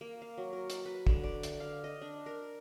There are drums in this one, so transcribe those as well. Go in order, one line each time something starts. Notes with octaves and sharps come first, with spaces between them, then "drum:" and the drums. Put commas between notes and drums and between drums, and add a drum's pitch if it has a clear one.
A#3
F5
F#3
A#4
drum: hi-hat
B4
D3, drum: kick
D5
drum: hi-hat
F5
D#5
D4
A#4